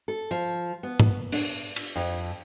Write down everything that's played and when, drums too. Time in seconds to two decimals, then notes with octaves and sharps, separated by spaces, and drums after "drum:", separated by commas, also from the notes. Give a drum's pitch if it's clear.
0.08 A4
0.31 F3, drum: tambourine
0.83 B3
1.00 drum: tom G#2
1.32 D4, drum: open hi-hat
1.76 drum: cymbal
1.96 F2